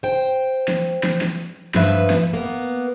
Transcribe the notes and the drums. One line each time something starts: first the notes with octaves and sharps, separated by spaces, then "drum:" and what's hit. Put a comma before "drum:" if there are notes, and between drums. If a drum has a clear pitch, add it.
C5 G5
drum: snare
drum: snare
drum: snare
G2 F3 B4 E5, drum: snare
drum: snare
A#3 B3